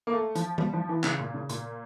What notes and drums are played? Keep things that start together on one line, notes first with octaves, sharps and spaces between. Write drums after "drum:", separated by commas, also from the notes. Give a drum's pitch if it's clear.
A#3
A3
F3, drum: hi-hat
G3, drum: tom
F3
E3
C#3, drum: clap
A#2
C#3
A#2, drum: hi-hat